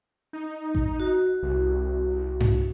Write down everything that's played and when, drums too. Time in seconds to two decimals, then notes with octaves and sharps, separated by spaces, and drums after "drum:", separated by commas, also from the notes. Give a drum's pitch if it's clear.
0.33 D#4
0.75 drum: kick A1
1.00 F#4
1.43 C2
2.40 drum: tom G2